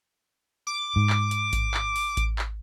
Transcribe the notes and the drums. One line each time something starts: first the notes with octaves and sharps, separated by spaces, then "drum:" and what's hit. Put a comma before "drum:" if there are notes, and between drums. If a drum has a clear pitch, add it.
D6
G#2
drum: clap
drum: hi-hat
drum: kick A1, hi-hat
drum: clap
drum: open hi-hat
drum: kick A1, hi-hat
drum: clap